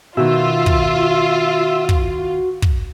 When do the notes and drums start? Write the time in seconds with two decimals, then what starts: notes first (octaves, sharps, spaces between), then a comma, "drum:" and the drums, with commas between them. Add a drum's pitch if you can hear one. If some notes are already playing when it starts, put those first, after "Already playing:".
0.17 B2 D#3 F4 F#4 E5
0.66 drum: kick
1.89 drum: kick
2.62 drum: kick